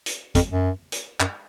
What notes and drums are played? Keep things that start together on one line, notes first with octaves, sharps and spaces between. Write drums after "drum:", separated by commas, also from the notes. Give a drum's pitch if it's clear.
drum: hi-hat
F2, drum: kick, hi-hat
F#2
drum: hi-hat
F#2, drum: clap